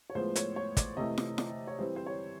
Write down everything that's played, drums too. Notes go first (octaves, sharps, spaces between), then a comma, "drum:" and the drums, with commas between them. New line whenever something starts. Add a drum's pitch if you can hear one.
C#5
A2 F3 G#3 B3 C5
C#5, drum: hi-hat
C#5
D5, drum: kick, hi-hat
C3 E3 A3 C4 D#5
drum: snare
D5, drum: snare
C#5
E3 G3 C4 C5
C5
C#5